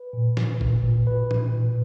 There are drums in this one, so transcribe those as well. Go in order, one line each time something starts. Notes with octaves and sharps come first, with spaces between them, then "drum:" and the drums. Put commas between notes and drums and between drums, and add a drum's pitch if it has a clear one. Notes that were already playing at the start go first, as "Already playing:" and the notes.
Already playing: B4
A#2
A#2, drum: snare
A#2, drum: kick G#1
A#2
A#2 B4
A#2, drum: tom
A#2